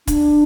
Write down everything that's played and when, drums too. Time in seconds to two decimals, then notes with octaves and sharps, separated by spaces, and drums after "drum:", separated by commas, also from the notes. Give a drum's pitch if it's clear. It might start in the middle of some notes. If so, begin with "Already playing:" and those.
0.07 D4, drum: kick, hi-hat